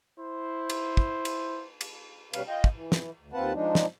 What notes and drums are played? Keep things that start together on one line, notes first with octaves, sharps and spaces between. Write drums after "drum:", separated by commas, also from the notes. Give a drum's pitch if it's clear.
E4 C5
drum: cymbal
drum: kick
drum: cymbal
drum: cymbal
B2 G3 C#4 B4 F5, drum: cymbal
F4 D#5 G5
drum: kick
E3
drum: snare
D2
D#2 C4 F4 B4 F#5 A5
F3 G#3 D4 D#4
drum: snare